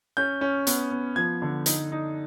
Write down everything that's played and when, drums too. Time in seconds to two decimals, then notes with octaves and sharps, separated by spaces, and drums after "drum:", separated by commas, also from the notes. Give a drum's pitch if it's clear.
0.17 C#4 G6
0.41 C#4
0.67 B3, drum: hi-hat
0.91 B3
1.16 F3 G#6
1.42 D3
1.66 D#4, drum: hi-hat
1.92 D#4